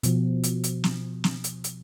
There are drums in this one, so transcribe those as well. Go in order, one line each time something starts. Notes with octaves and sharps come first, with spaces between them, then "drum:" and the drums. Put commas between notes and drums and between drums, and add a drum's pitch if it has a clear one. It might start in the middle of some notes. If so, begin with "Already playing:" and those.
B2 F3, drum: hi-hat
drum: hi-hat
drum: hi-hat
drum: snare
drum: snare
drum: hi-hat
drum: hi-hat